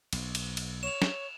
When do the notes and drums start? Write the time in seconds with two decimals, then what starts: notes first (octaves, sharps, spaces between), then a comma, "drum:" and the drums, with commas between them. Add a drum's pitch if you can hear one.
0.13 B1, drum: cymbal
0.35 drum: cymbal
0.57 drum: cymbal
0.83 C#5 E7 F7
1.02 drum: snare